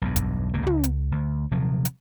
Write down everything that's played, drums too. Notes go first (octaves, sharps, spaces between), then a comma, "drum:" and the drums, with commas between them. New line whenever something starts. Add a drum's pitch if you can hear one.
B1 E2 G2
drum: kick, hi-hat
D1 C#2 A#2 A#3
C#2, drum: tom
drum: hi-hat
D2
D#1 C3 F3 F#3
drum: hi-hat